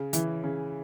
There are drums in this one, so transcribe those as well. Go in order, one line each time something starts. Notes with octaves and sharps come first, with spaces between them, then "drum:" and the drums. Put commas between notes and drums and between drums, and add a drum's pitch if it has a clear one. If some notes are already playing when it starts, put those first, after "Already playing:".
Already playing: C#3
E3, drum: hi-hat
C#3